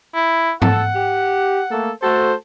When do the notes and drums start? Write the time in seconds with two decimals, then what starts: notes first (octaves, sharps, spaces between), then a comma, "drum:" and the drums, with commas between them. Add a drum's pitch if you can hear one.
0.15 E4
0.62 A4 F#5, drum: tom
0.95 G4
1.70 A3 A#3 A4
2.02 A3 F#4 A4 C5